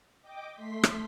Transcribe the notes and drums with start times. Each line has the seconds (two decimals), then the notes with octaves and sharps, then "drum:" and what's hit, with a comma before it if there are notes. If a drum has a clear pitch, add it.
0.22 D#5 G5 D6
0.53 A3 C6 B6
0.83 drum: rim click